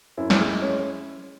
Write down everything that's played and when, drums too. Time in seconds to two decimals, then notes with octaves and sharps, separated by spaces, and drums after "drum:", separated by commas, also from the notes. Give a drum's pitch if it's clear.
0.17 F#2 E4
0.30 drum: snare
0.40 G#3
0.62 C#4